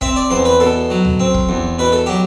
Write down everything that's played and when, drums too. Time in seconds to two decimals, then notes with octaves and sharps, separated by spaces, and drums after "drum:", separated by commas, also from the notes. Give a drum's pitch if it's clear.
0.01 C4 E5, drum: kick
0.16 D5
0.31 E2 C5
0.45 B4
0.60 B2 A4
0.90 F#3
1.05 drum: tom C#2
1.20 C4
1.34 drum: kick
1.49 E2
1.79 B2 B4
1.92 A4
2.06 F#3 G4